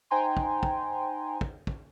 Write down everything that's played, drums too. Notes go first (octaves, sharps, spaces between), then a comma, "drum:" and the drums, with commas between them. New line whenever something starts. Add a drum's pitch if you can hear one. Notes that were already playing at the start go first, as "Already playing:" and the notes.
D#4 C5 G5 G#5 A#5 C6
drum: kick
drum: kick
drum: kick
drum: kick